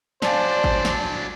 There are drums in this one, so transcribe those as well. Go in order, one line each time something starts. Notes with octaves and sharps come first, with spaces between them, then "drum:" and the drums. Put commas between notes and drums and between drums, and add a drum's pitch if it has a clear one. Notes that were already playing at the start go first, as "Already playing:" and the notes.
F#3 D4 C5 D5 F5 G#5 A5, drum: snare
drum: kick G#1
drum: snare